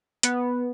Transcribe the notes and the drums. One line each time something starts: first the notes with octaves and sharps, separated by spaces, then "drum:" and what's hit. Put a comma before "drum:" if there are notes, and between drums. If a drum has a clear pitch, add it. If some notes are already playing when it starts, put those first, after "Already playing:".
B3, drum: hi-hat